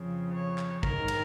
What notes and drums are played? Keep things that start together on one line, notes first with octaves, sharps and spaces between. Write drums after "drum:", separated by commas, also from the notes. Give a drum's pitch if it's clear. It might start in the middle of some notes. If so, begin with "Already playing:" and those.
Already playing: F2 C#3 F3
C#5
drum: clap
G#2 D#3 A#4, drum: kick
drum: cymbal